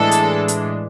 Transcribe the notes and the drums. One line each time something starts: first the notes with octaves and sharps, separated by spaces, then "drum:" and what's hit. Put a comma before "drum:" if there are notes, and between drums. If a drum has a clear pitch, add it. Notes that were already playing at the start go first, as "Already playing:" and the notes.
Already playing: A2 E3 G#3 D4 A4
drum: hi-hat
drum: hi-hat